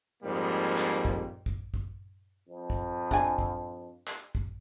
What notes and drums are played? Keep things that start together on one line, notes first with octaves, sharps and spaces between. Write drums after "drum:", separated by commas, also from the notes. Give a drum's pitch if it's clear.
F2 G#2 G3 A#3
drum: clap
drum: kick
drum: kick
drum: kick
F2
drum: kick
D4 D5 G#5, drum: kick
drum: kick
drum: clap
drum: kick